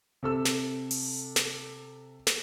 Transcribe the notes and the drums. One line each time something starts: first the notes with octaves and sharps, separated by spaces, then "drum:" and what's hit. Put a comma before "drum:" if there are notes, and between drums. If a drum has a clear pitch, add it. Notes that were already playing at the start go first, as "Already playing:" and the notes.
C3 A4 E6
drum: snare
drum: open hi-hat
drum: snare
drum: snare